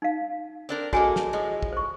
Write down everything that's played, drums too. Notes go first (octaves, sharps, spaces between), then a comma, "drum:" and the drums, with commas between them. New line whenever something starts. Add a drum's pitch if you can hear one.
D#4 F5
C4 D4 A#4
G#3 A#3 F#4 A4 C#5 G#5, drum: kick
drum: snare
A2 F3 G#3
drum: kick
C5 C#6